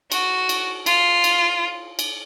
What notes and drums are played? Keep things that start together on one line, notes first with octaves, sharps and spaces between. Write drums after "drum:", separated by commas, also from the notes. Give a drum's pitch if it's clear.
F#4, drum: cymbal
drum: cymbal
F4, drum: cymbal
drum: cymbal
drum: cymbal